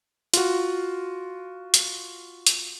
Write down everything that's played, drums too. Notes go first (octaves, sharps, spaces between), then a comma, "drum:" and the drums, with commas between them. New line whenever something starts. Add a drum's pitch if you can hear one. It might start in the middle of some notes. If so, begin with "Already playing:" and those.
F4 F#4, drum: hi-hat
drum: hi-hat
drum: hi-hat